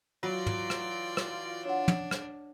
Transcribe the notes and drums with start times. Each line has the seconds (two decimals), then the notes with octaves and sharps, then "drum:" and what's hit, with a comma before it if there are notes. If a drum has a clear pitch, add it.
0.23 E3 F#3 F4 D5 G5
0.47 drum: tom
0.70 drum: rim click
1.17 drum: rim click
1.65 D4 C#5 F#5
1.88 drum: tom
2.11 drum: rim click